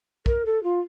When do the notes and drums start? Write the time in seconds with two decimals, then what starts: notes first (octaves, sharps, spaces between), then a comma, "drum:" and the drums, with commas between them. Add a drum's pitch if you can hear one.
0.26 A#4, drum: kick
0.45 A4
0.63 F4